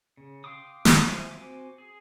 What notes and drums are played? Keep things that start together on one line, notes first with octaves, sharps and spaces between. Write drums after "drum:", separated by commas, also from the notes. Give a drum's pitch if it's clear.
C#3
F5 G5 C6 D6 D#6
drum: snare
F4 C5 E5 F5 G#5
C4 F#4 C5 G#5 D6
G#4